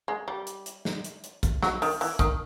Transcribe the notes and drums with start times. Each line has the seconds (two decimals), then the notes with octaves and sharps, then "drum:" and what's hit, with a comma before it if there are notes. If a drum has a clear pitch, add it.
0.08 G#3
0.28 G3
0.47 drum: hi-hat
0.66 drum: hi-hat
0.85 drum: snare
1.04 drum: hi-hat
1.24 drum: hi-hat
1.43 drum: kick, hi-hat
1.62 F#3, drum: snare
1.82 D#3, drum: open hi-hat
2.01 E3, drum: open hi-hat
2.19 D#3, drum: kick, hi-hat